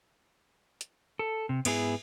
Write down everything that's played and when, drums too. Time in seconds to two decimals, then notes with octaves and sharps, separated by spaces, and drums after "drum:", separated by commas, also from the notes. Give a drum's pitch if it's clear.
0.81 drum: hi-hat
1.19 A4
1.49 C3
1.65 G#2 B3 E4 G#4, drum: cymbal